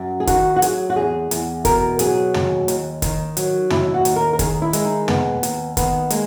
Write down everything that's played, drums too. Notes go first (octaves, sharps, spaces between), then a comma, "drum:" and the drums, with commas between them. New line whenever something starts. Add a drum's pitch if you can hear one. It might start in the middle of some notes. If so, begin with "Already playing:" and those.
Already playing: F#2
G#4
D#3 F#4, drum: kick, hi-hat
F#4
F#3 G#4, drum: hi-hat
F#4
E2 G#4
E2, drum: hi-hat
B2 A#4, drum: kick, hi-hat
F#3 G#4, drum: hi-hat
D#2, drum: tom
D#2, drum: hi-hat
D#3, drum: kick, hi-hat
F#3, drum: hi-hat
D#2 E4, drum: tom
F#4
D#2, drum: hi-hat
A#4
A#4
D#3 G#4, drum: kick, hi-hat
E4
G#3, drum: hi-hat
D#4
D#2 B3, drum: tom
D#2, drum: hi-hat
D#3 B3, drum: kick, hi-hat
G#3 A#3, drum: hi-hat